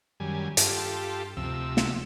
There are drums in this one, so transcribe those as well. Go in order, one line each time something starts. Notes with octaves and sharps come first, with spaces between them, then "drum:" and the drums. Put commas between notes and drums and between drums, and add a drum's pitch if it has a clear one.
F#2 D#3 G3 G#5
G2 F4 G4 A4, drum: hi-hat
D2 C3 F3 E6
drum: snare